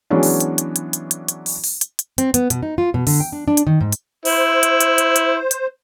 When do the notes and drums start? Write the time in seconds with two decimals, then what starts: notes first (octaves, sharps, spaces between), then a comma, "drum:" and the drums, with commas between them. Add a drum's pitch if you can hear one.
0.10 E3 F#3 G#3 B3 C#4 D4
0.23 drum: open hi-hat
0.40 drum: hi-hat
0.58 drum: hi-hat
0.76 drum: hi-hat
0.93 drum: hi-hat
1.11 drum: hi-hat
1.28 drum: hi-hat
1.46 drum: open hi-hat
1.64 drum: open hi-hat
1.81 drum: hi-hat
1.99 drum: hi-hat
2.18 C4, drum: hi-hat
2.34 B3, drum: hi-hat
2.50 B2, drum: hi-hat
2.63 D#4
2.78 F4
2.94 B2
3.07 D3, drum: open hi-hat
3.20 G5
3.32 D4
3.48 D4
3.57 drum: hi-hat
3.67 D#3
3.81 G#2
3.93 drum: hi-hat
4.25 E4 C5, drum: open hi-hat
4.63 drum: hi-hat
4.81 drum: hi-hat
4.98 drum: hi-hat
5.16 drum: hi-hat
5.51 drum: hi-hat